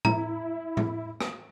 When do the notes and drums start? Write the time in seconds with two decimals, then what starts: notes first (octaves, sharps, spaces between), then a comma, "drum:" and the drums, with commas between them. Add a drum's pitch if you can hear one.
0.05 E4 A#5, drum: tom A2
0.77 drum: tom A2
1.21 drum: rim click